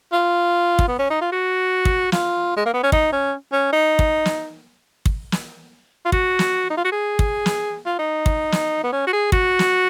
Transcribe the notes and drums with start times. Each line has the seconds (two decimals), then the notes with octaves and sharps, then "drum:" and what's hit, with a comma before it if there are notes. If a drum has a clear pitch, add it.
0.12 F4
0.79 drum: kick
0.88 B3
0.99 C#4
1.10 D#4
1.21 F4
1.32 F#4
1.85 drum: kick
2.12 F4, drum: snare
2.56 G#3
2.65 A#3
2.74 B3
2.83 C#4
2.92 D#4, drum: kick
3.12 C#4
3.52 C#4
3.73 D#4
3.99 drum: kick
4.25 drum: snare
5.06 drum: kick
5.32 drum: snare
6.05 F4
6.12 F#4, drum: kick
6.39 drum: snare
6.70 D#4
6.77 F4
6.84 F#4
6.92 G#4
7.19 drum: kick
7.46 drum: snare
7.86 F4
7.99 D#4
8.26 drum: kick
8.52 drum: snare
8.83 B3
8.92 C#4
9.07 F#4
9.12 G#4
9.32 F#4, drum: kick
9.59 drum: snare